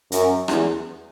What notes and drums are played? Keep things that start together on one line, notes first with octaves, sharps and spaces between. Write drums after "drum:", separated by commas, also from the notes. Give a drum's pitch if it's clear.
F#2, drum: hi-hat
E2, drum: rim click